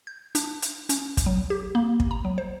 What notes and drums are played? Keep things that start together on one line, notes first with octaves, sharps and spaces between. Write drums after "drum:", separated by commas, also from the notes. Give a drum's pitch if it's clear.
G6
D4, drum: hi-hat
drum: hi-hat
C#4, drum: hi-hat
drum: kick, hi-hat
F#3
G4
A#3
drum: kick
A#5
F#3
C5